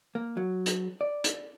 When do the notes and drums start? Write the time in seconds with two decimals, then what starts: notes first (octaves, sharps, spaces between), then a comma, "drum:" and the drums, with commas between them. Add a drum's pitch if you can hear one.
0.15 A#3
0.37 F#3
0.66 drum: hi-hat
1.01 D5
1.24 drum: hi-hat